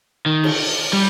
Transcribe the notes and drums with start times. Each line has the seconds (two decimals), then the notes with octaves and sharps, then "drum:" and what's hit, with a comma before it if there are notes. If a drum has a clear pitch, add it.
0.26 D#3
0.43 drum: cymbal
0.93 G3